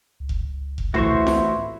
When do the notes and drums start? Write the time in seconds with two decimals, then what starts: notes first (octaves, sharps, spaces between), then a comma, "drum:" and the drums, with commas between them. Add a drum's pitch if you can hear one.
0.20 C#2
0.29 drum: kick F1
0.78 drum: kick F1
0.94 A2 E3 E4 F#4 C5 C#6, drum: tom A1
1.27 drum: snare F4